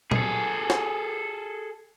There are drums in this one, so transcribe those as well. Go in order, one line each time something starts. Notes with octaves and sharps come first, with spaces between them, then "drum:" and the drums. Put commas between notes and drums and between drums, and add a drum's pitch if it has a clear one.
G#4 A4, drum: tom
drum: snare